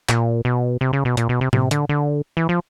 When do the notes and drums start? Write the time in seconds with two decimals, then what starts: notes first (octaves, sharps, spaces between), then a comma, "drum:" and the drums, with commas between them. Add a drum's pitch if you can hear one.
0.09 A#2, drum: clap
0.45 B2
0.81 C3
0.93 C#3
1.05 B2
1.17 A#2, drum: hi-hat
1.29 B2
1.41 C3
1.53 C3, drum: tom A2
1.71 D3, drum: hi-hat
1.89 D3
2.37 E3
2.49 F3